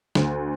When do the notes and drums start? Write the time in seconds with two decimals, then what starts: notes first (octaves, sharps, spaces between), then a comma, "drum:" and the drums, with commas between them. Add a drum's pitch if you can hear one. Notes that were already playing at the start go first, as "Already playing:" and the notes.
0.15 D2, drum: snare